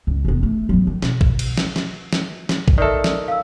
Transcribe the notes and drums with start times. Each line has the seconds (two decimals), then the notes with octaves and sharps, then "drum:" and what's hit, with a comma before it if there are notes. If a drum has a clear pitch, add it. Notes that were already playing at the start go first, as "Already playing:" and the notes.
0.07 C#2
0.25 F1 B3
0.43 A3
0.69 F#3 B3
0.87 D#3
1.02 B2, drum: snare
1.21 drum: kick
1.39 drum: cymbal
1.58 drum: snare
1.76 drum: snare
2.13 drum: snare
2.49 drum: snare
2.68 drum: kick
2.78 D#3 A4 D5 E5
3.04 drum: snare
3.28 F5 E6